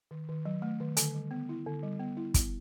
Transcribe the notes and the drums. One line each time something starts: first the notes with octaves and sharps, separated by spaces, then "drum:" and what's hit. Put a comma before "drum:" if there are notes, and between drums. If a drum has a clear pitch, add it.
D#3
D#3
F#3
A3
D#3
D3, drum: hi-hat
G3
B3
E4
D3
G3
B3
E4
B3, drum: kick, hi-hat